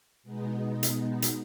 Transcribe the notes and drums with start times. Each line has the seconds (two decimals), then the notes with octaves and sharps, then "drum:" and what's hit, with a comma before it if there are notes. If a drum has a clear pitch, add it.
0.23 B2 G#3 B3 D#4
0.83 drum: hi-hat
1.22 drum: hi-hat